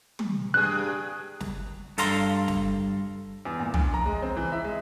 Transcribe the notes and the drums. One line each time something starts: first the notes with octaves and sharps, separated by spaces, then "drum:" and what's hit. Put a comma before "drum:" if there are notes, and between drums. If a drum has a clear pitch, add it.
drum: tom
G2 G#4 F#6
drum: snare
G2 A4 F5 A#5 C6, drum: hi-hat
drum: snare
E2
A#2
D2, drum: tom
A#5
G#3
C4
E3
E5
G#3